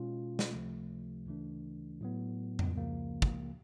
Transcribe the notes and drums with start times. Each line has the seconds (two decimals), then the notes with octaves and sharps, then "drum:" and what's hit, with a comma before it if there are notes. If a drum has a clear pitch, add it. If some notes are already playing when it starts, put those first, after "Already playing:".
Already playing: B2 G#3 C#4 F4
0.39 drum: snare
0.51 C#2 C3 F3 A3
1.26 D2 C#3 E3 A3 D4
2.01 A2 F#3 B3
2.59 drum: tom F2
2.76 C#2 C#3 F3 A#3
3.22 drum: kick